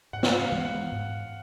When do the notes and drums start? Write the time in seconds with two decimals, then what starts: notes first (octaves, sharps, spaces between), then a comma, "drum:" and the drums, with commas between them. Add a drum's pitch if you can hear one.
0.13 G#2 F#5
0.23 drum: snare
0.40 F5
0.52 E3 G#3 B3
0.65 F#5
0.92 G#2